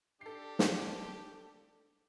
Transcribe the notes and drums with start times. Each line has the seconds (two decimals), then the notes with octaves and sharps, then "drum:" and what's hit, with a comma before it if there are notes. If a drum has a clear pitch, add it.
0.21 D4 G4 A4 C7
0.59 drum: snare